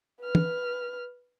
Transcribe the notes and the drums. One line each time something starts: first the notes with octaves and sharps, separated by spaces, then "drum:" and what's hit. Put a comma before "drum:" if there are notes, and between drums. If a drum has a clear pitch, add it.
B4 F6
drum: tom